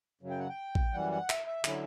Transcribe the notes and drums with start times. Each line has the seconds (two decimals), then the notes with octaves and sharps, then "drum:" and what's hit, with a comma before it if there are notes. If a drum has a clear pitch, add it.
0.21 F#2 C#3 F#3
0.30 G5
0.39 F#5
0.49 G5
0.75 drum: kick A1
0.93 F#2 E3 G3 F#5
1.12 F#5
1.30 E5, drum: clap
1.47 E5
1.65 D3 F#3 C#4 E4, drum: clap